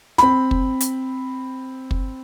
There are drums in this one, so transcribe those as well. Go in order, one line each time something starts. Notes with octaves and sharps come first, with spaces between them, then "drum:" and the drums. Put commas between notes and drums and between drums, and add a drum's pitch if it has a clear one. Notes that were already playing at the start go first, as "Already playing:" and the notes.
C4 B5, drum: snare
drum: kick
drum: hi-hat
drum: kick